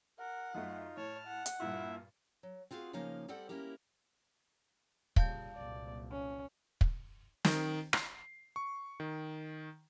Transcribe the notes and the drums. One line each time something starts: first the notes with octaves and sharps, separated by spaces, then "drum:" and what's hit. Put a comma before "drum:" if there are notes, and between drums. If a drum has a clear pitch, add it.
A#4 F#5
F#2 A3 D#4 F4
A2 C#5 A5 F6
F#5
drum: hi-hat
G2 A#2 E4 F4 E5
F#3
C4 F4 F#4 G#4 F5
C#3 F3 A#3 D#4 F5 G#5
G3 C4 G4 A4 D5 F#5
A#3 C#4 E4 G4 A#4
A#2 C#3 G3 F5 A5 G6, drum: kick
F#1 C2 A#2 D5
C#4
drum: kick
D#3, drum: snare
C7, drum: rim click
C#6
D#3